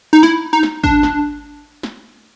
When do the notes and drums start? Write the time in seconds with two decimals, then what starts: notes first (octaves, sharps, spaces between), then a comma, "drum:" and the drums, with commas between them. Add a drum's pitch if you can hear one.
0.13 D#4
0.23 E4, drum: snare
0.53 D#4
0.63 drum: snare
0.83 D4, drum: kick
1.03 drum: snare
1.83 drum: snare